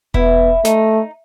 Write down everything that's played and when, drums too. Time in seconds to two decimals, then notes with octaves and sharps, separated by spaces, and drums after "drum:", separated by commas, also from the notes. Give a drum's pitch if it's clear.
0.14 B3 E4, drum: kick E1
0.65 A3 D#4, drum: snare